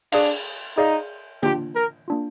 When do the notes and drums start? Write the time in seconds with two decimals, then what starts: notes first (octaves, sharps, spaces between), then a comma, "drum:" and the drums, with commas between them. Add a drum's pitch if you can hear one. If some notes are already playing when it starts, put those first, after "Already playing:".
0.12 D4 G#4 D5 F5, drum: cymbal
0.77 D#4 G#4 D5 F5
1.43 A#3 D4 F4 G4, drum: tom
1.75 A#4
2.08 A#3 D4 F4